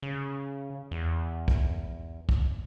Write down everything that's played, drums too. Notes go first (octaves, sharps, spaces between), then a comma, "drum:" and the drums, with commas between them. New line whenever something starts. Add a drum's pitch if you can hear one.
C#3
E2
drum: kick
drum: kick